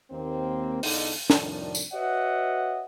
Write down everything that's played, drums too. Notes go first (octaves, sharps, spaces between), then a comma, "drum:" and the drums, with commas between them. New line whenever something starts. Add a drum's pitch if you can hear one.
D#2 A#3 C4
E2 D3 D#4, drum: open hi-hat
C2 F2 A2 D#3 D4, drum: snare
drum: tambourine
F#4 B4 C#5 D#5 E5 F#5